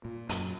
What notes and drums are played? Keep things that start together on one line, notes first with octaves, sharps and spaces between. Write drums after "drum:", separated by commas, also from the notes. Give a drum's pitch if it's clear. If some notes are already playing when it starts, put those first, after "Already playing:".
A#2
F#2, drum: hi-hat